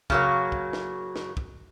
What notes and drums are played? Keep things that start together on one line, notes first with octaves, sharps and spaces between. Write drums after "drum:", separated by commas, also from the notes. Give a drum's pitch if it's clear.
C#3 F#3 A#3, drum: kick
drum: kick
drum: snare
drum: snare
drum: kick